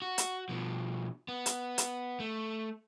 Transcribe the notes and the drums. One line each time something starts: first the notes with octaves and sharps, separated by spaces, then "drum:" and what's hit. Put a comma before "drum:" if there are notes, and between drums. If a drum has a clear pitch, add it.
F#4
drum: hi-hat
B2 F3
B3
drum: hi-hat
drum: hi-hat
A3